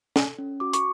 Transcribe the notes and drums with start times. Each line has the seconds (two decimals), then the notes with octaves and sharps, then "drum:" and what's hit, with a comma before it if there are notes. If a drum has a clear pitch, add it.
0.16 A4, drum: snare
0.39 C#4
0.60 F#4 D6
0.73 C#6, drum: hi-hat